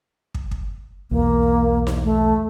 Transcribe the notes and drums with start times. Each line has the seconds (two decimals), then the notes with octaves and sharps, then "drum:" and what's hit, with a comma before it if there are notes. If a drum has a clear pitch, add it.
0.34 drum: kick
0.51 drum: kick
1.11 B1 E2 A#3
1.87 drum: snare D#4
2.04 A3